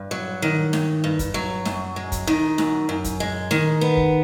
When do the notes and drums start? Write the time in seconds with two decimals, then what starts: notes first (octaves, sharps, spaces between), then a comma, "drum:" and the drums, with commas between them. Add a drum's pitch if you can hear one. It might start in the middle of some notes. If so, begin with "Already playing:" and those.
Already playing: G2
0.11 F#3
0.42 D#3
0.73 G2, drum: snare
1.04 G2
1.19 drum: kick, hi-hat
1.34 F#3
1.65 F#2, drum: snare
1.96 G#3
2.12 drum: kick, hi-hat
2.27 D#3
2.58 F#2, drum: snare
2.89 F#2
3.04 drum: kick, hi-hat
3.20 G#3
3.51 D#3, drum: snare
3.81 B3
3.97 drum: kick